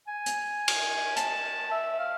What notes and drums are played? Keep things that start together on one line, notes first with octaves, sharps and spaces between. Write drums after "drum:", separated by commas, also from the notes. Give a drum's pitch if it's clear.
G#5
drum: hi-hat
drum: cymbal
A5, drum: hi-hat
E5
F5